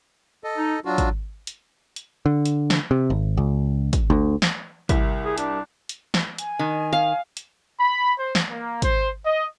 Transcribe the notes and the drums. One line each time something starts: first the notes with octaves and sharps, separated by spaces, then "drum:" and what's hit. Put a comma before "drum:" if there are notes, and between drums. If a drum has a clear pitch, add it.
A4 D#5
D#4
F#3 D4 F4 F#4
drum: kick, hi-hat
drum: hi-hat
drum: hi-hat
D3
drum: hi-hat
drum: snare
C3
G#1
C#2
drum: kick, hi-hat
D2
drum: snare
C2 G4 A#4 E5, drum: kick, hi-hat
G#4
D4, drum: hi-hat
drum: hi-hat
drum: snare
G#5, drum: hi-hat
D#3
F5
drum: hi-hat
B5
C5
drum: snare
A#3
C5, drum: kick, hi-hat
D#5